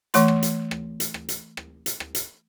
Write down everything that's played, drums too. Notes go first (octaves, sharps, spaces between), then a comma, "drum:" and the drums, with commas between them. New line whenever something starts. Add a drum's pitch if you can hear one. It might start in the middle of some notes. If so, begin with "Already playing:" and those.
E3 A3 C6, drum: hi-hat
drum: rim click
drum: hi-hat
drum: rim click
drum: hi-hat
drum: rim click
drum: hi-hat
drum: rim click
drum: hi-hat
drum: rim click
drum: hi-hat